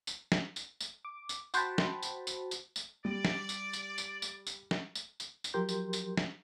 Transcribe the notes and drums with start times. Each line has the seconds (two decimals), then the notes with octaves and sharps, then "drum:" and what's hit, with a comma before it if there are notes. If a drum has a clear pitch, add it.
0.07 drum: tambourine
0.32 drum: snare
0.56 drum: tambourine
0.81 drum: tambourine
1.05 D6
1.29 drum: tambourine
1.54 F#4 C5 F#5 G5 A5 B5, drum: tambourine
1.78 drum: snare
2.03 drum: tambourine
2.27 drum: tambourine
2.51 drum: tambourine
2.76 drum: tambourine
3.05 G3 D5
3.25 drum: snare
3.49 drum: tambourine
3.73 drum: tambourine
3.98 drum: tambourine
4.22 drum: tambourine
4.47 drum: tambourine
4.71 drum: snare
4.95 drum: tambourine
5.20 drum: tambourine
5.44 drum: tambourine
5.54 F3 F#3 G4 A#4 C6 G6
5.69 drum: tambourine
5.93 drum: tambourine
6.17 drum: snare